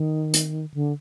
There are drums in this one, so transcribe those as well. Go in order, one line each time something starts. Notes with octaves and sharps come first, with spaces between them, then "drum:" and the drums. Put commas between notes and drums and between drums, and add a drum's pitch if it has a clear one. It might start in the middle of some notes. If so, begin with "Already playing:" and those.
Already playing: D#3
drum: hi-hat
D3